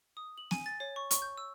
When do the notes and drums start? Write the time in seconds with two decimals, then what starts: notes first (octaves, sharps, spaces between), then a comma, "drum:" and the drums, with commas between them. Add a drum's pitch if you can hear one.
0.17 D#6
0.37 F#7
0.51 G#5, drum: snare
0.66 A6
0.80 C#5
0.96 C#6
1.11 C#6, drum: hi-hat
1.22 G6
1.37 E6